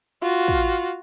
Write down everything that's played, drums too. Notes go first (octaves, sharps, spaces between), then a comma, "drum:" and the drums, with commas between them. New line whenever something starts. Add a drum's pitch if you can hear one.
F4 F#4
drum: kick